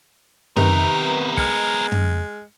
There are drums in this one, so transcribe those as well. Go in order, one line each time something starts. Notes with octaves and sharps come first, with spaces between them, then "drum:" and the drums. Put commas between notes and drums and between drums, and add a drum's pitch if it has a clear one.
C3 D#3 B3 D#4 A#4 B4, drum: tom
G#3 F6 C#7, drum: kick
drum: tom